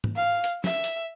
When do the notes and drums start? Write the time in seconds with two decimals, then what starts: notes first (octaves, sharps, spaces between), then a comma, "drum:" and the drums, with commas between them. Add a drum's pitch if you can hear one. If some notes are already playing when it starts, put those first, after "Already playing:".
0.04 drum: tom
0.16 F5
0.44 drum: hi-hat
0.64 E5, drum: snare
0.84 drum: hi-hat